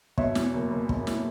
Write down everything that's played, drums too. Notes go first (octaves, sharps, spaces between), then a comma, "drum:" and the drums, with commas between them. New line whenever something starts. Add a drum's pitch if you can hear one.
B2 C#5 E5, drum: kick
E2, drum: snare
F#1
F#1
B2, drum: kick
drum: snare